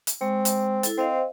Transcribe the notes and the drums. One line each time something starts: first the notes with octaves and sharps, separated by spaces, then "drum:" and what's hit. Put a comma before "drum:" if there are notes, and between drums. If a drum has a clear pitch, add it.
drum: hi-hat
G#3 C4
drum: hi-hat
E4 A4, drum: hi-hat
C4 C5 D#5 F5